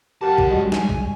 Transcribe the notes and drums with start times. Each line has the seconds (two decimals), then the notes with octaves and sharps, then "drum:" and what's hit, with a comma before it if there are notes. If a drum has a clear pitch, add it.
0.21 F#2 G4 A#4 F#5 A5
0.38 drum: kick A1
0.49 G3 G#3 F#4
0.72 G#5, drum: snare
0.89 drum: kick A1